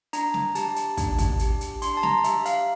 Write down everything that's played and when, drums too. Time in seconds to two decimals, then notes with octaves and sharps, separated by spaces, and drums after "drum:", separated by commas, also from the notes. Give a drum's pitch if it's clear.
0.13 D4 A#5, drum: hi-hat
0.34 drum: snare
0.55 G4 A5, drum: hi-hat
0.76 drum: hi-hat
0.97 D4, drum: kick, hi-hat
1.18 drum: kick, hi-hat
1.39 G4, drum: hi-hat
1.61 drum: hi-hat
1.82 D4 C6, drum: hi-hat
1.97 A5
2.03 A#5, drum: snare
2.24 G4 E5, drum: hi-hat
2.45 F5, drum: hi-hat